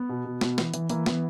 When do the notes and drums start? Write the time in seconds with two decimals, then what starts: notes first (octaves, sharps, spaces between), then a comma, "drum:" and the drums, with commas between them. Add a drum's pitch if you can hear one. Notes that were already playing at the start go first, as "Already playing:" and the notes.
Already playing: B3
0.09 B2
0.25 B2
0.41 B2, drum: snare
0.58 E3, drum: snare
0.74 E3, drum: hi-hat
0.89 E3 A#3, drum: hi-hat
1.06 E3 B3, drum: snare